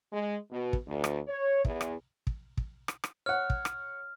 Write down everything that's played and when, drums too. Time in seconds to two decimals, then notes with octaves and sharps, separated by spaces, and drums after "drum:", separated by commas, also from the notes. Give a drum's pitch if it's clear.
0.12 G#3
0.50 B2
0.73 drum: kick
0.86 D2
1.04 drum: rim click
1.27 C#5
1.65 E2, drum: kick
1.81 drum: rim click
2.27 drum: kick
2.57 drum: kick
2.88 drum: rim click
3.04 drum: rim click
3.26 C#5 F#5 F6
3.50 drum: kick
3.65 drum: rim click